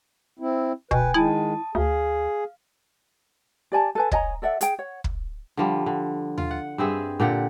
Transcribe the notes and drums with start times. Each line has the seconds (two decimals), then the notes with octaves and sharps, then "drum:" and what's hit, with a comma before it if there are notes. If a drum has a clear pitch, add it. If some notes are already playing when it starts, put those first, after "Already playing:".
0.39 C4 E4
0.91 B2 B4 G5 G#5, drum: kick
1.14 D#3 G#3 E4 A5 D#6
1.75 D2 G#4 F5
3.72 G4 D5 G#5 A5
3.95 A4 B4 G#5
4.12 C#5 D#5 G#5 A#5, drum: kick
4.42 A4 D5 E5 F#5
4.61 G#4 G5, drum: hi-hat
4.79 C#5 F#5
5.04 drum: kick
5.57 D3 F3 G3
5.86 D3
6.38 F4, drum: tom D#2
6.51 F#5
6.78 G2 C4 G#4 E5
7.20 A#2 D3 G4 F#5